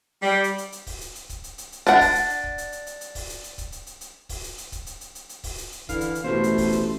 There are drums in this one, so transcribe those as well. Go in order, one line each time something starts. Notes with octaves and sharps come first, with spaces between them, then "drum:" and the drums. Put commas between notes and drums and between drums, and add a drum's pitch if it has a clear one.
G3
drum: hi-hat
drum: hi-hat
drum: hi-hat
drum: kick C#1, open hi-hat
drum: hi-hat
drum: hi-hat
drum: kick C#1, hi-hat
drum: hi-hat
drum: hi-hat
drum: hi-hat
D4 F#5, drum: hi-hat
drum: kick C#1, open hi-hat
drum: hi-hat
drum: hi-hat
drum: kick C#1
drum: hi-hat
drum: hi-hat
drum: hi-hat
drum: hi-hat
drum: kick C#1, open hi-hat
drum: hi-hat
drum: hi-hat
drum: kick C#1, hi-hat
drum: hi-hat
drum: hi-hat
drum: hi-hat
drum: kick C#1, open hi-hat
drum: hi-hat
drum: hi-hat
drum: kick C#1, hi-hat
drum: hi-hat
drum: hi-hat
drum: hi-hat
drum: hi-hat
drum: kick C#1, open hi-hat
drum: hi-hat
drum: hi-hat
D3 E3 F5, drum: kick C#1, hi-hat
drum: hi-hat
drum: hi-hat
A1 B2 A3 C5
drum: hi-hat
drum: kick C#1, open hi-hat
drum: hi-hat